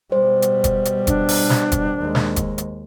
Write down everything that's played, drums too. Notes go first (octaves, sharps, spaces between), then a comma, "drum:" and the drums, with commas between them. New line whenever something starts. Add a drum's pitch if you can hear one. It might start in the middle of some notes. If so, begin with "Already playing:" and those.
B2 G3 C5
drum: hi-hat
drum: kick F1, hi-hat
drum: hi-hat
D4, drum: kick F1, hi-hat
drum: open hi-hat
drum: snare
drum: kick F1, hi-hat
D#2 G#3
drum: snare
drum: kick F1, hi-hat
drum: hi-hat